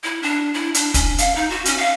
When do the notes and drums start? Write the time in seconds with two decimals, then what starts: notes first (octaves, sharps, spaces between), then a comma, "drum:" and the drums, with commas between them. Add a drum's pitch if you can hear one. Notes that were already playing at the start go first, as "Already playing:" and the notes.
0.04 E4
0.23 D4
0.54 E4
0.74 D4, drum: hi-hat
0.94 C#4, drum: kick, hi-hat
1.18 F5, drum: hi-hat
1.36 D#4
1.50 F#4
1.65 C#4, drum: hi-hat
1.78 F5